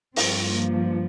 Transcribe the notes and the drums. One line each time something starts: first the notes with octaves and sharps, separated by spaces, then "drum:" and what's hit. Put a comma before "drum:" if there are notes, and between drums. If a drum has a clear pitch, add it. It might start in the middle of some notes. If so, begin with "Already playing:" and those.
G2 F3 C4, drum: open hi-hat
A#3